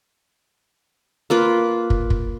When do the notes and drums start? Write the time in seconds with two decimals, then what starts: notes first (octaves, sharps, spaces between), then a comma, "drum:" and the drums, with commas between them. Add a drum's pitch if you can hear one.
1.30 A#3 F4 B4
1.90 drum: kick
2.10 drum: kick